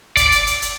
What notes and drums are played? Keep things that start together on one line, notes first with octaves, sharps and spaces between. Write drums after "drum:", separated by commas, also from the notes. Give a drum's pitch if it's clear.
D5, drum: kick, hi-hat
drum: hi-hat
drum: hi-hat
drum: hi-hat